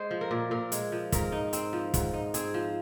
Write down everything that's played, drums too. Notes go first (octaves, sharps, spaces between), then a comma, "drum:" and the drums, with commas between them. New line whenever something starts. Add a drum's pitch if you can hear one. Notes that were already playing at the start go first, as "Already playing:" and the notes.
Already playing: G#3 C5 D#5
F3
A#4
A#2
A#2 A#4
G#3, drum: hi-hat
F3
G#2 A#4, drum: kick, hi-hat
D#4
C4, drum: hi-hat
F3
G#2, drum: kick, hi-hat
D#4
C4 G#4, drum: hi-hat
F3